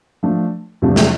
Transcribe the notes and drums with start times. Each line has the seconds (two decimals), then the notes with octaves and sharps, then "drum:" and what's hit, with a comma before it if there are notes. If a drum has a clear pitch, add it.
0.23 F3 A3 D4
0.82 E2 C3 F3 A3 D4
0.96 drum: snare